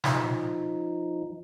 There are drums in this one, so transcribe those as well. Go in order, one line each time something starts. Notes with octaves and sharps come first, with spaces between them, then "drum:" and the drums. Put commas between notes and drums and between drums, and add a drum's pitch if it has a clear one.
F3 D#4, drum: snare